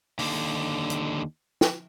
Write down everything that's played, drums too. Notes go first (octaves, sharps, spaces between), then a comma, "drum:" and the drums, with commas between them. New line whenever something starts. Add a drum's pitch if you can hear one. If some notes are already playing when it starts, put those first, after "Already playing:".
D#2 D3, drum: open hi-hat
drum: hi-hat
drum: snare